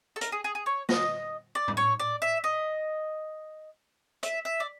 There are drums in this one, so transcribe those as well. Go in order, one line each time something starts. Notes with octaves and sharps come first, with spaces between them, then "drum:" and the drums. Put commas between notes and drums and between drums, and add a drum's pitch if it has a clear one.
A4
A#4, drum: hi-hat
G#4
G#4
G#4
C#5
D#5, drum: snare
D5
drum: tom A2
C#5
D5
E5
D#5
E5, drum: hi-hat
E5
D5